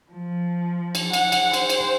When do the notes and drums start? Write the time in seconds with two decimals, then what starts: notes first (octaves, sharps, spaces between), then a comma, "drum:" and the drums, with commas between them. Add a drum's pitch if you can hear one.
0.12 F3
0.95 drum: cymbal
1.13 F#5, drum: cymbal
1.32 drum: cymbal
1.53 C5, drum: cymbal
1.70 drum: cymbal